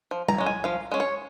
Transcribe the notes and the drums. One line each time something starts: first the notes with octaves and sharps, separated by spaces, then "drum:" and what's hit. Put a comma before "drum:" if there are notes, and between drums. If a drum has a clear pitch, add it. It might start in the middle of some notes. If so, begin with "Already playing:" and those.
F3
A#5, drum: tom G3
G#3 C#4
G#5
F3 F5
G#3 C#4
C#5